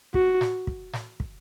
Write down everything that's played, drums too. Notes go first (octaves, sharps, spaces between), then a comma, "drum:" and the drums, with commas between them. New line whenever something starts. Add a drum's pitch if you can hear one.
F#4, drum: kick
drum: snare
drum: kick
drum: snare
drum: kick